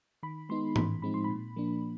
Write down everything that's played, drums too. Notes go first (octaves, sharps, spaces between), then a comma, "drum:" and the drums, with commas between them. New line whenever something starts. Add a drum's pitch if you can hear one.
D#3 B5
G#3 B3 D#4 C6
A2 B5, drum: tom G#2
F3 G#3 C4 D#4 B5
C6
A#2 B5
F3 A#3 D4